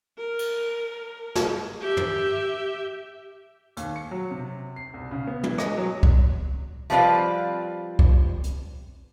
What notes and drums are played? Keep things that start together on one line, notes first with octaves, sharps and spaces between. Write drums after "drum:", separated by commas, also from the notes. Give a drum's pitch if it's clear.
A#4
drum: cymbal
drum: snare
G4 E5
drum: tom
D#2, drum: hi-hat
C#7
F#3
C3
C7
C2
C#3
B3
E3, drum: tom
D#5, drum: rim click
F#3
drum: kick
F3 G3 C4 B4 D5 F5
drum: kick
drum: hi-hat